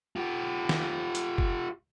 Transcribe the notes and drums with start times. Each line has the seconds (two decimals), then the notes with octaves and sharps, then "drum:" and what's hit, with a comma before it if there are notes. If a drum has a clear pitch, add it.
0.16 F4 G4
0.69 drum: snare
1.15 drum: hi-hat
1.38 drum: kick